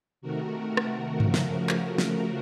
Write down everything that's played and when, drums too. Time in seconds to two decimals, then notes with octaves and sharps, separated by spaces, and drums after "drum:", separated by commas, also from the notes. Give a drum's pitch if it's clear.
0.21 C3 D#3 A3 F#4 A#4
0.77 drum: rim click
1.20 C#3 F3 A3, drum: tom G2
1.34 drum: snare
1.69 F#4 A#4, drum: clap
1.98 drum: snare